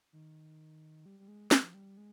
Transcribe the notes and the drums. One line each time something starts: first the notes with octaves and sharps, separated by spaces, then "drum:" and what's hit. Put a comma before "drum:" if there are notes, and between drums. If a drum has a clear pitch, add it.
D#3
G3
G3
G#3
G#3, drum: snare
F3
G3
G#3